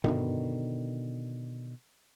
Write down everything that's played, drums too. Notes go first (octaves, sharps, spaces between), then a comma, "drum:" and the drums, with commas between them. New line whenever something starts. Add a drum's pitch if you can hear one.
B2 D3 D#3, drum: tom G2